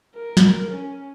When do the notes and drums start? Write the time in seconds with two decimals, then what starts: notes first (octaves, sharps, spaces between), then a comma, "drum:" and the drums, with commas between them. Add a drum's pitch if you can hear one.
0.16 A#4
0.37 drum: snare
0.70 C#4